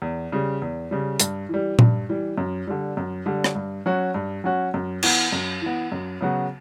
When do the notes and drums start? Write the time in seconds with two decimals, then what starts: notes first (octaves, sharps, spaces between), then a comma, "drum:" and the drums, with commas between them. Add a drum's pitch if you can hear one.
0.02 E2
0.32 C#3 G3
0.62 E2
0.91 C#3 G3
1.20 G2, drum: hi-hat
1.49 E3 G3
1.79 G2, drum: tom A#2
2.09 E3 G3
2.38 F#2
2.67 D3 G3
2.97 F#2
3.26 D3 G3
3.44 drum: rim click
3.55 G2
3.86 F#3 C#4 F#4
4.14 G2
4.44 F#3 C#4 F#4
4.74 F#2
5.03 E3 B3, drum: cymbal
5.32 F#2
5.62 E3 B3
5.92 F#2
6.21 C#3 F#3 B3 F#4